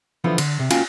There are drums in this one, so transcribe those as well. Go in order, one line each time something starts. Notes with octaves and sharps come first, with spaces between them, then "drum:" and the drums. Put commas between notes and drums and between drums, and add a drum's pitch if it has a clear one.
D3 E3 F3 B3
D3, drum: cymbal
C3
A#3 C#4 F4 F#4 G5 G#5, drum: cymbal